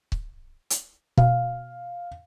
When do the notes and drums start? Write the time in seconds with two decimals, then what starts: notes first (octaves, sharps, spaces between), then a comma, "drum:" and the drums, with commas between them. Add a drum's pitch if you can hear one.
0.12 drum: kick C#1
0.70 drum: hi-hat
1.18 B2 F5, drum: kick C#1